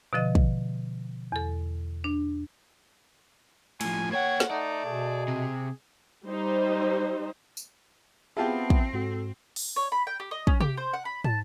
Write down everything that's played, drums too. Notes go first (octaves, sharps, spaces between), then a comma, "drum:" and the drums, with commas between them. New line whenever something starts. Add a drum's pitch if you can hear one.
B2 D3 F3 D#5
drum: kick
E2 A4
D4
A2 F3 G#5, drum: cymbal
A#3 C#5 F#5 G5 G#6
drum: snare
A3 D#4 D5
B2 G#4
C3
G3 D#4 C5
drum: tambourine
B3 C4 E4 F4 G4 G#4 E5 A5
drum: kick
G#2 F#4 A4
drum: open hi-hat
C#5
B5
G5
G4
D#5
C#4, drum: kick
G4, drum: tom C3
C5
F#5
B5
A5, drum: tom